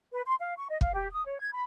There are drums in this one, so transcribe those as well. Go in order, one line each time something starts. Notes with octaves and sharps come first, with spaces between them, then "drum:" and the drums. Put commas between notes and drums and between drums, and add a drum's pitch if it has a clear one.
B4
C6
F5
C#6
D#5
F5, drum: kick
G4
D#6
C#5
G#6
B5